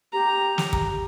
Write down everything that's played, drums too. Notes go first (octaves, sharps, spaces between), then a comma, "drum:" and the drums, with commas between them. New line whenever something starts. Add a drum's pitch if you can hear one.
G4 A#5
drum: snare
drum: kick